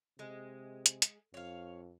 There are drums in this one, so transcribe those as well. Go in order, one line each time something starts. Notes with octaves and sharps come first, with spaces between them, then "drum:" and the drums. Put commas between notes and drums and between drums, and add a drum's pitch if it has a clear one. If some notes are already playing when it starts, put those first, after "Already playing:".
C3 G#3
drum: hi-hat
drum: hi-hat
F2 C#5 F5